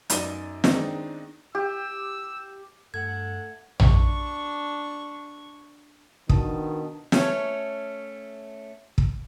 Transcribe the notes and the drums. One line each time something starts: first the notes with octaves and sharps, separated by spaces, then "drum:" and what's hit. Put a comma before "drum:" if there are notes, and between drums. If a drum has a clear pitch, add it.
F#2 B3 D#4 D5 D#7 G7, drum: hi-hat
D#3 G#3 B3 C4 D4 D#4, drum: snare
G4 E6
G2 A3 A4 F#5 G#6
D4 C#6, drum: tom A#1
B2 D#3 D4 A5 D#6, drum: kick
A3 C#4 C#5, drum: snare
drum: kick